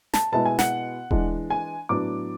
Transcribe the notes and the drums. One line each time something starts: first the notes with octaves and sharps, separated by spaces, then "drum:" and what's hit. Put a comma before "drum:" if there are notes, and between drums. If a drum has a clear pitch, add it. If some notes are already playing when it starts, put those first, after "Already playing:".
A5, drum: snare
B2 G#3 B3 E4 A5
G#5
F#5, drum: snare
E3 G#3 D4, drum: kick D#1
G#5
A2 F#3 B3 D4 D6